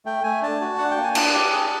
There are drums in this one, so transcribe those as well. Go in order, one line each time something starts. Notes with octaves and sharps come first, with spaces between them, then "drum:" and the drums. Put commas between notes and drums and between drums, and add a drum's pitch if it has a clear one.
A3 G5
A3 G#5
D4 A5
F#4
D4 F#5
G5
A#3
G#5
D4 A5, drum: cymbal
G4
G#4